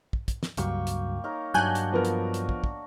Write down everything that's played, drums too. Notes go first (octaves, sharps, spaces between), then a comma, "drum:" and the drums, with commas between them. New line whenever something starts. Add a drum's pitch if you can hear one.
drum: kick
drum: kick, hi-hat
drum: snare
C#2 G2 F#3 A#3 G5 C#6, drum: hi-hat
drum: hi-hat
D#4 A#4 C#5
G2 F#3 D4 F#4 G5 G#5 F#6 G6
drum: hi-hat
F3 B3 A#4
drum: hi-hat
drum: hi-hat
drum: kick
drum: kick